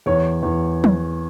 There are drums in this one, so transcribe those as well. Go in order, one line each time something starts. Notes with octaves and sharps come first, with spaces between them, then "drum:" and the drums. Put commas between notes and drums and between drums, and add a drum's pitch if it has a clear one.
E2 C#5
E2
drum: tom F3